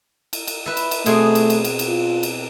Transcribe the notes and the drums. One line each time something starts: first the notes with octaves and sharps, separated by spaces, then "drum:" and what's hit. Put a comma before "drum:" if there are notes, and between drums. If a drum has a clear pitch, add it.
drum: cymbal
drum: cymbal
B4 E5
drum: cymbal
drum: cymbal
B2 A3 C4 G#4, drum: cymbal
drum: cymbal
drum: cymbal
drum: cymbal
drum: cymbal
F4
drum: cymbal